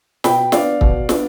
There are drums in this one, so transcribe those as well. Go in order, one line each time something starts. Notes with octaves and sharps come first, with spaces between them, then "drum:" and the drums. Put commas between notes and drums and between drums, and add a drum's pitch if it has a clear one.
B2 G5 B5, drum: snare
B3 D4 D5 F5, drum: snare
B2, drum: kick
B3 D4, drum: snare